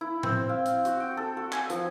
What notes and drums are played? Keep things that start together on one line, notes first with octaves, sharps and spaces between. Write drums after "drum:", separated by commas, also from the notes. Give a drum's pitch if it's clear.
E4
C4, drum: tom A2
F5
drum: hi-hat
F#4, drum: hi-hat
G5
A4
F#4
G#5, drum: clap
F3, drum: hi-hat